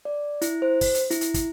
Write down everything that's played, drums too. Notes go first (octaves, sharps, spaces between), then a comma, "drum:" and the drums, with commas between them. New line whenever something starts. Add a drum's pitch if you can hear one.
D5
E4, drum: hi-hat
C5
drum: kick, open hi-hat
drum: hi-hat
E4, drum: hi-hat
drum: hi-hat
drum: kick, hi-hat